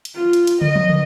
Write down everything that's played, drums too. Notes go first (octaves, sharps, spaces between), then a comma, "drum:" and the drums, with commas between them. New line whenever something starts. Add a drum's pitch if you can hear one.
drum: hi-hat
F4
drum: hi-hat
drum: hi-hat
D#5, drum: tom
drum: tom
drum: tom